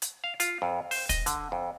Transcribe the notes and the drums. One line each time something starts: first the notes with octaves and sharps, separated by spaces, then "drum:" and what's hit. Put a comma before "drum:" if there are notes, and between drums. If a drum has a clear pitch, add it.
drum: hi-hat
F5
F4, drum: hi-hat
F2
C5, drum: open hi-hat
D#5, drum: kick, hi-hat
D3, drum: hi-hat
F2